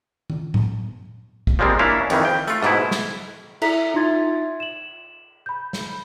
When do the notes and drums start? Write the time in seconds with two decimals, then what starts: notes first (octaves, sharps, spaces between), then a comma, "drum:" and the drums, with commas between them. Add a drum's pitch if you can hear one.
0.30 drum: tom D#3
0.54 drum: tom A2
1.47 drum: kick
1.59 F3 G3 G#3 A#3 C4
1.79 A#3 C#4 D4 E4 F5
2.10 F2 D#3 E3, drum: cymbal
2.25 G5
2.48 A3 F4, drum: hi-hat
2.63 G#2 B2 E4, drum: rim click
2.91 drum: snare
3.62 E4 A4 E5 A#5 B6, drum: cymbal
3.94 D#4 F4 E5 C6 G#6 A6
4.60 E7 F#7
5.46 B5 G6
5.73 drum: snare